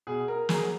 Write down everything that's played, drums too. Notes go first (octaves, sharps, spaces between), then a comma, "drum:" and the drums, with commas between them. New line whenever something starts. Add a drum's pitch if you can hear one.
B2 G#4
A#4
F#3 A#3 G#4, drum: snare